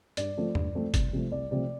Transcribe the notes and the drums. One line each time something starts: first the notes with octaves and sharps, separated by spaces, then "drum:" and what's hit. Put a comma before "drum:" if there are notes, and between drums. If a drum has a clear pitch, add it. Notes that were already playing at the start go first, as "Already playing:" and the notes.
G2 D5, drum: hi-hat
F3 A3 C4
G2, drum: tom E2
F3 A3 C4
C2, drum: kick G1, hi-hat
C3 F3 A3 C4
C2 D5
C3 F3 A3 C4 D5